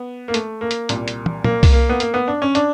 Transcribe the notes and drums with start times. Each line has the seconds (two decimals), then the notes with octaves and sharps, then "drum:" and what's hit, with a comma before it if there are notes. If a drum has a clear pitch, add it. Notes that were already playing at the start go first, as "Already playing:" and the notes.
Already playing: B3
0.28 A#3
0.34 A3, drum: hi-hat
0.61 A#3
0.71 drum: hi-hat
0.89 C2 A#2 G3, drum: hi-hat
1.08 drum: hi-hat
1.26 drum: tom
1.44 A#3, drum: tom A#2
1.63 drum: kick C2, open hi-hat
1.73 A#3
1.89 B3
2.00 A#3, drum: hi-hat
2.14 B3
2.28 D4
2.42 C#4
2.55 D4, drum: hi-hat